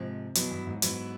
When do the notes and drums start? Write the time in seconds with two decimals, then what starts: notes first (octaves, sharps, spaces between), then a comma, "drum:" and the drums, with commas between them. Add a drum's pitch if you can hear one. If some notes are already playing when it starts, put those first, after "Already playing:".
Already playing: G#2 C3 F3 G#3
0.35 B2 F#3 B3 E4, drum: hi-hat
0.51 G2
0.67 G#2
0.82 G#2 F#3 B3 E4, drum: hi-hat